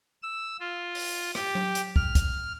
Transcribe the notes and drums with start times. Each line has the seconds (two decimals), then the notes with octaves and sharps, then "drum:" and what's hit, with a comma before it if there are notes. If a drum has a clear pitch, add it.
0.22 E6
0.60 F4
0.95 drum: open hi-hat
1.35 G4, drum: rim click
1.55 drum: tom F#3
1.75 drum: hi-hat
1.96 F6, drum: kick
2.15 drum: kick, hi-hat